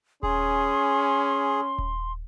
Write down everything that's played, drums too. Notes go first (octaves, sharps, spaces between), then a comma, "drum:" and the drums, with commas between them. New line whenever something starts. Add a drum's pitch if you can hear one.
C#4 G#4 C6, drum: kick D#1
drum: kick D#1